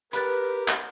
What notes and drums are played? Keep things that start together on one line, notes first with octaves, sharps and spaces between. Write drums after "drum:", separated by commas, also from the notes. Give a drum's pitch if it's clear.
G4 A#4 B4 B5 F#6 A6, drum: hi-hat
drum: clap